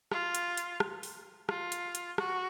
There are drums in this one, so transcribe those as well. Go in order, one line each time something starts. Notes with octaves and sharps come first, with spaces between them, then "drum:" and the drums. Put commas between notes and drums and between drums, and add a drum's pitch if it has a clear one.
F4, drum: rim click
drum: hi-hat
drum: hi-hat
drum: rim click
drum: open hi-hat
F4, drum: rim click
drum: hi-hat
drum: hi-hat
F#4, drum: rim click